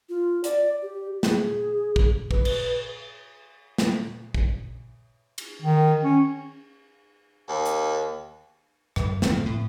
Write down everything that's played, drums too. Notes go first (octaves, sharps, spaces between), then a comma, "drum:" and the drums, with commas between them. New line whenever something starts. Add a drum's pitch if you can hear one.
F4
D5, drum: hi-hat
G4
G#4, drum: snare
drum: kick
B4, drum: kick
drum: cymbal
drum: snare
drum: kick
drum: cymbal
D#3
C#4
D#2
drum: hi-hat
F#2, drum: rim click
D1 F3 C4, drum: snare
A2